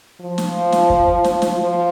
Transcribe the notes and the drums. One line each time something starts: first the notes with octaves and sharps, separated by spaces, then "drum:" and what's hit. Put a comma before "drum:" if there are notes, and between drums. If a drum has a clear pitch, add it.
F3
drum: snare
drum: snare
drum: kick
drum: snare
drum: snare
F3